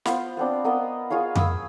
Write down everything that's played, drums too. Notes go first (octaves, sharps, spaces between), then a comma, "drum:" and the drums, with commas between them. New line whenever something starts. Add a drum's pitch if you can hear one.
B3 F4 C5, drum: snare
B3 C4 D4
B3 A#4 D#5 F5
F4 G#4 C#5 F5
B5 D#6 E6, drum: tom F2